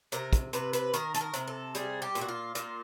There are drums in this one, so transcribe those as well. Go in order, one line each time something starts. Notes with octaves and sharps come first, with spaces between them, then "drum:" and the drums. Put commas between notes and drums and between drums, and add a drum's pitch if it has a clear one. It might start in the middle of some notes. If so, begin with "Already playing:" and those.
C3 A#4, drum: hi-hat
drum: kick, hi-hat
C3 B4, drum: hi-hat
B4, drum: hi-hat
D#3 A#4, drum: hi-hat
A4, drum: hi-hat
A#4
C3, drum: hi-hat
A4
G3 G#4, drum: hi-hat
G4
A#2, drum: hi-hat
F#4
F4
A#2 F4, drum: hi-hat